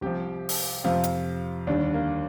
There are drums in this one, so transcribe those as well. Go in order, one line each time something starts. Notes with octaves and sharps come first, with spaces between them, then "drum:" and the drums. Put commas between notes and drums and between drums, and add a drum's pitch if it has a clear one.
C2 C3 F3 G4
drum: open hi-hat
F2 C3 F3 F4
drum: hi-hat
D#2 D3 G3 D4
A#3